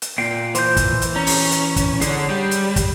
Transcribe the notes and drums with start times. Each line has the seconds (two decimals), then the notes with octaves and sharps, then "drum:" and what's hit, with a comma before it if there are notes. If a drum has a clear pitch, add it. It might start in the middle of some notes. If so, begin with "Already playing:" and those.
0.02 drum: hi-hat
0.18 A#2 F5 G5
0.55 E3 C5 C6 G6, drum: hi-hat
0.77 drum: kick, hi-hat
1.02 drum: hi-hat
1.16 C#4 A#5
1.27 drum: open hi-hat
1.51 drum: hi-hat
1.76 drum: kick, hi-hat
2.01 D3 G#4 C#5, drum: hi-hat
2.30 G3
2.51 drum: hi-hat
2.76 drum: kick, hi-hat